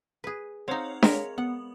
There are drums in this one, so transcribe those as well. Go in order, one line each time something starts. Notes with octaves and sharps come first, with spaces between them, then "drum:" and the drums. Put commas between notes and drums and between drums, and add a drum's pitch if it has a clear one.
G#4 B4
C4 D#4 C#5 F5 F#5
G#3 A#4 C#5 E5, drum: snare D4
B3 F#5